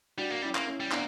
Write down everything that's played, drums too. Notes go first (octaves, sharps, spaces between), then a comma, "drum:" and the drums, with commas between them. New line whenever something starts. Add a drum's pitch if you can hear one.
G3 D4 F#4
A#3
G3 C#4 E4
A#3, drum: clap
C#4 E4
G3
A#3 B3 D4, drum: clap